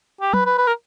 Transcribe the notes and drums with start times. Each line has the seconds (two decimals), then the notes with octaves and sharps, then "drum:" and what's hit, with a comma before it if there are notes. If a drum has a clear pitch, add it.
0.21 G4
0.34 B4, drum: tom F#3
0.46 B4
0.58 B4
0.67 A#4